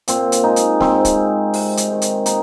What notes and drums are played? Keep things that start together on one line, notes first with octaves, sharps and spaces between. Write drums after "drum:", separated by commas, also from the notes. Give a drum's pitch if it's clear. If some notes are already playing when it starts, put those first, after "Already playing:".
A#2 C4, drum: hi-hat
drum: hi-hat
G#3 D#4
drum: hi-hat
G#2 C4, drum: snare
drum: kick, hi-hat
G#3
C3, drum: open hi-hat
drum: hi-hat
D#3 G#3
drum: hi-hat
A#2 D#4, drum: hi-hat